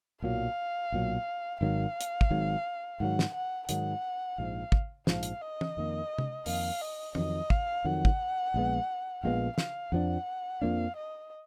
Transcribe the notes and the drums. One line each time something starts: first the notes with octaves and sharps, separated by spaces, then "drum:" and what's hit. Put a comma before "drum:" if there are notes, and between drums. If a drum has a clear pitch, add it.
B1 A#2 F#3 F5
B1 A#2 F#3
G#1 G#2 D#3 F#3 F5
drum: hi-hat
drum: kick
G#1 G#2 D#3 F#3
G#2 D#3 F#3 F#5
drum: snare
F#5
G#2 D#3 F#3 F#5, drum: hi-hat
A#1 G#2 F3 F5
drum: kick
A#1 G#2 F3 F5, drum: snare
drum: hi-hat
D#5
drum: tom
F2 D#3 A#3
drum: tom C3
F2 D#3 A#3 F5, drum: open hi-hat
D#5
F2 D#3 F#3 D#5, drum: tom
F5, drum: kick
F2 D#3 F#3 F#5
drum: kick
A#1 A#2 G#3 B3
A#1 A#2 G#3 B3 F5
F5, drum: snare
F2 F3 A#3 D4 F#5
F2 F3 A#3 D4 F5
D#5